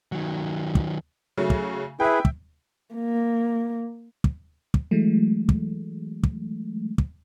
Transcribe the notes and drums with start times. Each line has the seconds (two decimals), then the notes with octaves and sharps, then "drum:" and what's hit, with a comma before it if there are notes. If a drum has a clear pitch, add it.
0.12 D#3 F#3
0.75 drum: kick
1.37 C#3 F#3 A3
1.50 drum: kick
2.00 E4 G#4 B4 E5 G5
2.25 drum: kick
2.95 A#3
4.24 drum: kick
4.74 drum: kick
4.91 E3 F#3 G#3 A3
5.49 drum: kick
6.23 drum: kick
6.98 drum: kick